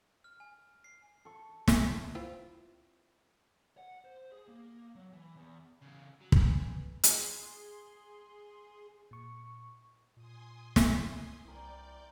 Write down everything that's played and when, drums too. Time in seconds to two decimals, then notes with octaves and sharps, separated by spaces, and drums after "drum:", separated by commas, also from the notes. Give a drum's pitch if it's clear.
0.24 F6
0.40 G#5
0.84 C7
1.25 A4 C#6
1.68 drum: snare
2.15 C4 E4 F4
3.78 F#5
4.05 C5
4.32 G#4
4.48 A#3
4.95 F#3
5.13 E3
5.37 E2
5.82 E2 C#3
6.20 F#3
6.32 E3 F#3 A3, drum: kick
7.03 G#4 C6, drum: hi-hat
9.11 A#2 C#6
10.17 A#2 G#5 C6 D#6
10.76 drum: snare
11.45 C2 E3 C4 A#4 D5 G6